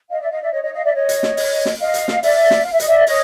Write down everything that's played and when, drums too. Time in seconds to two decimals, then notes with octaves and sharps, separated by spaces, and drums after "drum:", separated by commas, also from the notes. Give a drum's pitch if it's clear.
0.10 D#5 F5
0.20 D5 E5
0.30 D#5 F5
0.41 D5 E5
0.52 C#5 D#5
0.63 C#5 D#5
0.73 D#5 F5
0.84 D5 E5
0.94 C#5 D#5
1.09 drum: hi-hat
1.23 drum: snare
1.37 drum: open hi-hat
1.65 drum: snare
1.79 D#5 F5
1.94 drum: hi-hat
2.08 drum: snare
2.23 D5 E5, drum: open hi-hat
2.51 drum: snare
2.64 F5
2.72 E5
2.80 D#5, drum: hi-hat
2.87 D5 E5
3.07 C#5 D#5, drum: open hi-hat